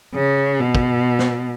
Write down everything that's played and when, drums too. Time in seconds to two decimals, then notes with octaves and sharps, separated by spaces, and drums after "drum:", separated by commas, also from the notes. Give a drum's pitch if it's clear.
0.15 C#3
0.60 B2
0.75 drum: kick
1.19 drum: snare